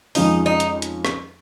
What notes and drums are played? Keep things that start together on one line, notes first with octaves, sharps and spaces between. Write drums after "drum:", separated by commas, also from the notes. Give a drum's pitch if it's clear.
F2 D#3 G#3 C#4 D#4 F4, drum: open hi-hat
D#4
drum: hi-hat
drum: hi-hat
drum: rim click